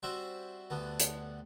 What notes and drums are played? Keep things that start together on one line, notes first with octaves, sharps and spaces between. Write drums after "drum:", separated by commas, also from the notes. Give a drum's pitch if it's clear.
G3 C4 F#4 C5 E5
D2 D3 G3 B3
drum: hi-hat